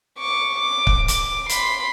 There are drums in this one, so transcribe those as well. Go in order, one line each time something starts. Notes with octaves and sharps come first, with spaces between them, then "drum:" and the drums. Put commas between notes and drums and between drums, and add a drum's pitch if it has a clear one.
C#6 D6
D6
drum: kick
D6, drum: hi-hat
B5 C6, drum: hi-hat